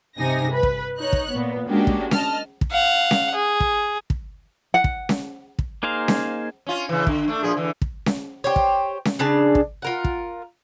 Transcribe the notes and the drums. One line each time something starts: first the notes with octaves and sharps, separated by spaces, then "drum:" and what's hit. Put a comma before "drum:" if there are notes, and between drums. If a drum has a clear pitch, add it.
G2 C3 D#4 G#5 A#6
B4
drum: kick
D#4 C#5 F#6
drum: kick
A#2 B3
G#3 A#3 C#4 D4 F#4 G4
drum: kick
D#5 A5 F6, drum: snare C#4
drum: kick
F5 F#5
drum: snare C#4
G#4
drum: kick
drum: kick
F#5
drum: kick
drum: snare C#4
drum: kick
A#3 D#4 G#4 C5 F5
drum: snare C#4
C#4 F4
C#3 E3
D3, drum: kick
A3 D4
A#2 F3 G#4
D3 E3
drum: kick
drum: snare C#4
G4 C5 C#5
drum: kick
drum: snare C#4
C#3 D4 G#4 A5
drum: kick
F4 A#4 F#5
drum: kick